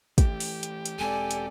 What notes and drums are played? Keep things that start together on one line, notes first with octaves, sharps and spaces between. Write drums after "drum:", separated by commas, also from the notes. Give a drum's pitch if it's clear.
E3 A3 G4, drum: kick, hi-hat
drum: open hi-hat
drum: hi-hat
drum: hi-hat
E1 G#3 C4 A4 D5 G#5
drum: hi-hat